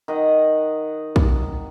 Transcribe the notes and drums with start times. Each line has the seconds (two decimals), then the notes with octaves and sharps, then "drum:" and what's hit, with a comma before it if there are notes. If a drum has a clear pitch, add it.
0.08 D#3 D#5 F#5
1.16 drum: kick